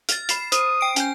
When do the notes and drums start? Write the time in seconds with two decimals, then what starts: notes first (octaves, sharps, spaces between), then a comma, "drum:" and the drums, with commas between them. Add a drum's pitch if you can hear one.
0.09 F6 A6, drum: hi-hat
0.29 B5 C7 E7, drum: hi-hat
0.52 C5 D#6, drum: hi-hat
0.81 G5 D7
0.96 C#4 G5 G6, drum: hi-hat